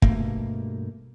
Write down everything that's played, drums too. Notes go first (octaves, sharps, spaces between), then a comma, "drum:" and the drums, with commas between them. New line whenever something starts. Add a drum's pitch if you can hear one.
G2 B2 A3 A#3, drum: kick